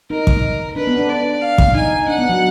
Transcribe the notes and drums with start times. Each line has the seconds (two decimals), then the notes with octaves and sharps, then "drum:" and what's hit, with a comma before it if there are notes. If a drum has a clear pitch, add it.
0.10 D#4 A#4
0.27 drum: kick
0.76 D4 B4
0.87 B3
0.98 D4
1.09 D5
1.41 F5
1.58 drum: kick
1.75 D#4 G#5
2.08 D4 F#5
2.19 B3
2.29 F#3